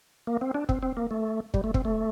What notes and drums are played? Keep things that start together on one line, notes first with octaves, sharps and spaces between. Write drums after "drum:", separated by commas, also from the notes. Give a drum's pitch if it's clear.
A#3
C4
D4
C4, drum: kick
C4
A#3
A3
G3, drum: kick
A3
C4, drum: kick
A3